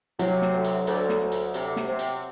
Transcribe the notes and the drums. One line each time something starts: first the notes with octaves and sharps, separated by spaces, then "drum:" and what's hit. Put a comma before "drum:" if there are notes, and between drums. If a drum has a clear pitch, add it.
C3 F#3, drum: hi-hat
drum: snare
D2
drum: hi-hat
D2, drum: hi-hat
drum: snare
D2
drum: hi-hat
C3, drum: hi-hat
drum: snare
C3
drum: hi-hat